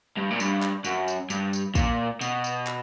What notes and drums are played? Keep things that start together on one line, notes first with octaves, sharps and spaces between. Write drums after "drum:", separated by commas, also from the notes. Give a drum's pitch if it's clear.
G2
A#2
G2, drum: tambourine
drum: clap
F#2, drum: tambourine
drum: tambourine
G2, drum: tambourine
drum: tambourine
A#2, drum: kick, tambourine
B2, drum: tambourine
drum: tambourine
drum: clap